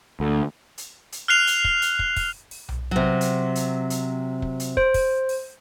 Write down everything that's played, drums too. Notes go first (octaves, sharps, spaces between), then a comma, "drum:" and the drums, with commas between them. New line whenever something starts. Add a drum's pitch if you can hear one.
D2
drum: hi-hat
drum: hi-hat
F6 F#6 C7 F7
drum: hi-hat
drum: kick
drum: hi-hat
drum: kick
drum: kick, open hi-hat
drum: open hi-hat
drum: tom B1
C3 F#3
drum: hi-hat
drum: hi-hat
drum: hi-hat
drum: kick
drum: hi-hat
C5, drum: kick
drum: kick, open hi-hat
drum: open hi-hat